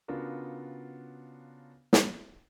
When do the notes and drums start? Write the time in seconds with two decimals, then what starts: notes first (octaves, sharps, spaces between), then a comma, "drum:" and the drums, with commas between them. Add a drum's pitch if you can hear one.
0.08 C#3 B3 D4 F4 F#4 A#4
1.93 drum: snare